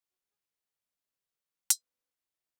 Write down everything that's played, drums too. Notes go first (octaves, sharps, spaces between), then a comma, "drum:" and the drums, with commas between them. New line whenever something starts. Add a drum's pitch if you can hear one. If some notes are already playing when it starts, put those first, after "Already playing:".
C#4 F#4
G#4
A4
A#4
B4
C5
A#4
A#4
B4, drum: hi-hat
C#4
D#4
E4